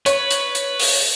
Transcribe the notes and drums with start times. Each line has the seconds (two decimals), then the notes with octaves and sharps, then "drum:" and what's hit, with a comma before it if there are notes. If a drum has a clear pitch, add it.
0.06 B4 C#5, drum: hi-hat
0.30 drum: hi-hat
0.55 drum: hi-hat
0.79 drum: open hi-hat